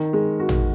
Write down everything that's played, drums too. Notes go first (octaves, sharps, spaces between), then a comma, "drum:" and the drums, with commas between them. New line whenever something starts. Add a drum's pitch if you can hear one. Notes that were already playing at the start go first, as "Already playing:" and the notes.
Already playing: D#3
G#3
F#4
drum: tom